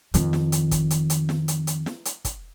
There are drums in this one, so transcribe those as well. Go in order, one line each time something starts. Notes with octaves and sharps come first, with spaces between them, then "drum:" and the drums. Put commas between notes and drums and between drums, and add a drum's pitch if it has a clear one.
F2 D#3, drum: hi-hat
drum: snare
drum: hi-hat
drum: kick, hi-hat
drum: hi-hat
drum: hi-hat
drum: snare
drum: hi-hat
drum: hi-hat
drum: snare
drum: hi-hat
drum: kick, hi-hat